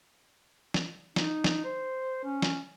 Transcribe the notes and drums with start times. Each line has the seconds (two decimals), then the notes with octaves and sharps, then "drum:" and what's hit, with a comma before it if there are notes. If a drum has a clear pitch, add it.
0.74 drum: snare
1.16 D#4, drum: snare
1.44 drum: snare
1.64 C5
2.24 C#4
2.42 drum: snare